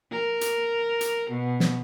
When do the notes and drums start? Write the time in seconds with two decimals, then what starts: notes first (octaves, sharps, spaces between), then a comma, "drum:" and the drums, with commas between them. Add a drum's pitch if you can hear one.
0.12 A#4
0.41 drum: hi-hat
1.01 drum: hi-hat
1.30 B2
1.60 drum: snare